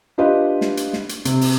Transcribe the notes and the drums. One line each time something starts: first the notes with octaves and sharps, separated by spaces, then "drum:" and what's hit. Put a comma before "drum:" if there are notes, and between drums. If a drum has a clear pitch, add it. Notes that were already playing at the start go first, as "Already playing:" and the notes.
D4 F4 G4 B4 D#5
drum: snare
drum: hi-hat
drum: snare
drum: hi-hat
C3, drum: hi-hat
drum: open hi-hat